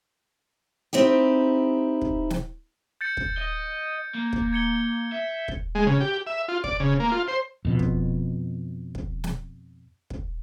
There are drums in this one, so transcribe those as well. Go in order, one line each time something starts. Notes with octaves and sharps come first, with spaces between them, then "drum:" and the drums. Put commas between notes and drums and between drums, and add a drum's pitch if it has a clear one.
C4 D#4 E4 G4
drum: kick
drum: snare
G6 A6 C#7
drum: kick
D#5
A#3
drum: kick
G#6 C#7 G7
E5
drum: kick
G#3
C#3
G4
E5
F4
D5, drum: kick
C#3
A#3
F4
C5
F2 B2
drum: kick
drum: kick
drum: snare
drum: kick